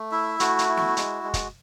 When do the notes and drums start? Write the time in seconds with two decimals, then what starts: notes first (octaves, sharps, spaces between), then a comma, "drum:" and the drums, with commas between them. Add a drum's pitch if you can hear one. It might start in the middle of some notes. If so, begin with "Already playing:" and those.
Already playing: A3
0.12 E4 E5
0.40 A3 F#4, drum: hi-hat
0.59 drum: hi-hat
0.68 E4
0.77 drum: snare
0.97 G#3, drum: hi-hat
1.24 G#3
1.34 drum: kick, hi-hat